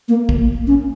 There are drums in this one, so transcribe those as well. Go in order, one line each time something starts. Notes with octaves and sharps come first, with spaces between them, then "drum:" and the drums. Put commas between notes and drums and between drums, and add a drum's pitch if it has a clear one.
A#3
drum: kick
C#4